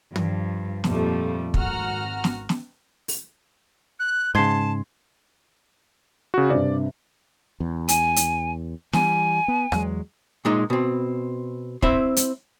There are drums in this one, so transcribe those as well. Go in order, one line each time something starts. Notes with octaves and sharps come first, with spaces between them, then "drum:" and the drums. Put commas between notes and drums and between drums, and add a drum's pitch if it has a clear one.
G2 F3, drum: tom
F2 A#2 F3 G3 A3, drum: snare
G#1 F#4 F#5 A#5 F6, drum: kick
drum: snare
drum: snare
drum: open hi-hat
F#6
G#2 C#3 A5 C6 G#6 C7
C#3 F#4
G2 C3 D5
E2
G#5, drum: hi-hat
drum: hi-hat
E3 G3 G#5, drum: snare
B3
E2 F#3 G#3, drum: rim click
A#2 G#3 D#4
B2 C4
C4 E4 C5 E5, drum: kick
drum: hi-hat